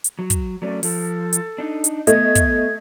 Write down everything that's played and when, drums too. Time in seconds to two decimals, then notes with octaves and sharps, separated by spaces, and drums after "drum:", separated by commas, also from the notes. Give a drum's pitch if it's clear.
0.04 drum: hi-hat
0.19 F#3
0.30 drum: kick, hi-hat
0.62 F#3 A3 C#4 D5
0.83 F3 A4, drum: open hi-hat
1.33 drum: hi-hat
1.58 D4 D#4
1.84 drum: hi-hat
2.07 A3 B3 D#5 G#6, drum: hi-hat
2.35 drum: kick, hi-hat